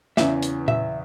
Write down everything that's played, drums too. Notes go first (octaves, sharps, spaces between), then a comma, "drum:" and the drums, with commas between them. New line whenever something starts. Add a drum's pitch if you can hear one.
E2 C#3 E3 C#4 E5, drum: snare
drum: hi-hat
E5, drum: tom A#2